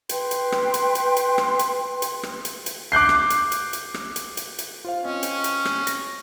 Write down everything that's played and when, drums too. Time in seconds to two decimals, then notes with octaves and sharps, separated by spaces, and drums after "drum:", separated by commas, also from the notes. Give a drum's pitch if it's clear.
0.09 B4 G5 C6, drum: hi-hat
0.31 drum: hi-hat
0.52 drum: rim click
0.74 drum: hi-hat
0.95 drum: hi-hat
1.16 drum: hi-hat
1.38 drum: rim click
1.59 drum: hi-hat
2.02 drum: hi-hat
2.23 drum: rim click
2.45 drum: hi-hat
2.66 drum: hi-hat
2.92 D6 F#6 G6 C7
3.09 drum: rim click
3.30 drum: hi-hat
3.52 drum: hi-hat
3.73 drum: hi-hat
3.94 drum: rim click
4.16 drum: hi-hat
4.37 drum: hi-hat
4.59 drum: hi-hat
4.85 F4 C5 F5
5.05 C4 C#4 D#5
5.23 drum: hi-hat
5.44 drum: hi-hat
5.65 drum: rim click
5.87 A#6, drum: hi-hat